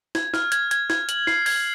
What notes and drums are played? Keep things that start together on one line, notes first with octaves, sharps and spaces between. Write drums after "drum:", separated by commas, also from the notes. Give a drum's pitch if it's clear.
G#6, drum: snare
F6, drum: snare
G#6, drum: hi-hat
G#6, drum: hi-hat
G#6, drum: snare
F#7, drum: hi-hat
C7, drum: snare
G#6, drum: open hi-hat